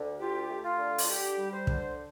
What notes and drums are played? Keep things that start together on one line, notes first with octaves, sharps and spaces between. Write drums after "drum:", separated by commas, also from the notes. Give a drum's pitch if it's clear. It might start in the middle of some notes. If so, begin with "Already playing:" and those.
Already playing: D2 D3
F4 G4
A3
F4
D3
drum: open hi-hat
D3 G4
G3
C5
D3, drum: kick